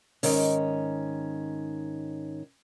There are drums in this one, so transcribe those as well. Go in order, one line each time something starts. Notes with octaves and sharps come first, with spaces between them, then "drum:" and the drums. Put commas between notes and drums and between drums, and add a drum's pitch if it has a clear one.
G#2 D#3 C#4, drum: open hi-hat